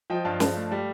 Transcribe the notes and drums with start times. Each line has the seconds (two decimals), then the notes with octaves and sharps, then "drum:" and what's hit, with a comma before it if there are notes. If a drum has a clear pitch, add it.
0.10 F3 D#5 G5
0.25 G2 F5 A5
0.40 G2, drum: snare
0.56 A3
0.71 G3